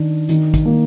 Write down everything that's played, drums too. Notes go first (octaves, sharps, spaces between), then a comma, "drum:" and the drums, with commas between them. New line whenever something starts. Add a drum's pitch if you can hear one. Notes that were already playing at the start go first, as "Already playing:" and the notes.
Already playing: D#3 D4
D#3, drum: hi-hat
drum: kick, hi-hat
A#3